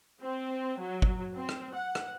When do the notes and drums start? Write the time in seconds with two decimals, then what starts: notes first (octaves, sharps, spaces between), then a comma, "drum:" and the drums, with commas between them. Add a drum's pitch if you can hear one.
0.21 C4
0.79 F#3
1.02 drum: kick
1.34 C4
1.49 drum: rim click
1.75 F#5
1.95 drum: rim click